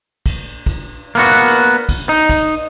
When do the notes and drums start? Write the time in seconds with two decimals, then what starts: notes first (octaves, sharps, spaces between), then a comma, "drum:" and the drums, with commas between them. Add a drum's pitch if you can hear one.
0.26 drum: kick, cymbal
0.66 drum: kick, cymbal
1.15 A#3 B3 F#4
1.48 drum: cymbal
1.89 drum: kick, cymbal
2.09 D#4
2.29 drum: kick, cymbal